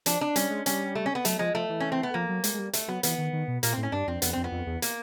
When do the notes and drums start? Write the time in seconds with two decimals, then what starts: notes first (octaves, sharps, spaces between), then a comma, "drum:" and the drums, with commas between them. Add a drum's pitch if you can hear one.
0.06 F3 D4, drum: hi-hat
0.21 D4
0.36 G3 C#4, drum: hi-hat
0.50 G#3
0.66 G3 C#4, drum: hi-hat
0.95 A3
1.06 C#4
1.15 B3
1.25 F#3 A3, drum: hi-hat
1.39 F3 G#3
1.54 F3 A3
1.70 E3
1.80 C#4
1.92 C4
2.03 B3
2.14 F3 A#3
2.29 F#3
2.44 G#3, drum: hi-hat
2.54 G#3
2.59 G3
2.73 A3, drum: hi-hat
2.88 F#3 B3
3.03 E3 B3, drum: hi-hat
3.18 D#3
3.33 D#3
3.48 B2
3.63 A#2 A#3, drum: hi-hat
3.73 C4
3.77 A2
3.83 C#4
3.92 G2 D4
4.07 F2 C4
4.22 F2 B3, drum: hi-hat
4.33 F2 C4
4.44 B3
4.52 F2
4.67 E2
4.82 A#3, drum: hi-hat